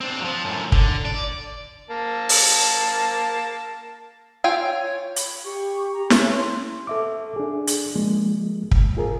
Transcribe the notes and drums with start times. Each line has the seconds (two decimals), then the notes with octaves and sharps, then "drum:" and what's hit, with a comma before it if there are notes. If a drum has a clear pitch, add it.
0.01 C4 D4
0.20 F3 F#3
0.45 F#2 A2
0.72 D3, drum: kick
1.05 D5
1.90 A#3 A5
2.29 drum: open hi-hat
4.44 F4 G5 G#5 E6
4.60 C#5
5.16 B5, drum: hi-hat
5.44 G4 C#6
5.93 A#5
6.10 C#4 C6, drum: snare
6.87 A4 E5 D6
7.36 D4 G#4
7.67 drum: hi-hat
7.96 F3 G#3 A#3
8.71 drum: kick
8.97 F4 G#4 A#4